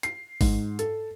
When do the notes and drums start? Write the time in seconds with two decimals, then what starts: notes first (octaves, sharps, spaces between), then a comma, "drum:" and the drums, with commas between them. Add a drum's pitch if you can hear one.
0.03 C7, drum: hi-hat
0.41 G#2, drum: kick, open hi-hat
0.79 A4, drum: hi-hat